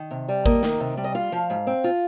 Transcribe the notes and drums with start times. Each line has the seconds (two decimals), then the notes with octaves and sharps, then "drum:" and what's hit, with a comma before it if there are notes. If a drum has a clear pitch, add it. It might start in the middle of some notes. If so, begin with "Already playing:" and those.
Already playing: D#3
0.11 C3
0.28 G3
0.46 A#3 D#5, drum: kick
0.63 D#3, drum: snare
0.80 C3
0.97 G3
1.04 D#5
1.15 F4 F5
1.32 F3
1.50 G#2
1.67 C4
1.84 F4